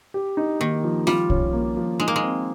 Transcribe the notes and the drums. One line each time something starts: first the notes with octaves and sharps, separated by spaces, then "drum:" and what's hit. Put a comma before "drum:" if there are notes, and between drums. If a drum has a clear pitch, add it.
G4
D#4
D#3 A#3
F3
G3 F4, drum: snare
C#4, drum: kick
A#3
F3
G#3 D#4
A#3
G#3
C4